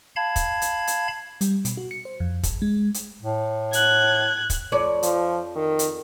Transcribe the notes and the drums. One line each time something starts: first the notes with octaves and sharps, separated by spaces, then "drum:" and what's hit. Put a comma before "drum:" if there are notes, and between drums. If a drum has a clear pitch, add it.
F5 A5 B5 G#6
drum: kick, hi-hat
drum: hi-hat
drum: hi-hat
G3, drum: hi-hat
B2, drum: hi-hat
F#4
C#7
C5
F2
G#1, drum: kick, hi-hat
G#3
drum: hi-hat
A2
F#6 G#6, drum: hi-hat
drum: kick, hi-hat
F2 C#5 D5
F3, drum: hi-hat
D#3
drum: hi-hat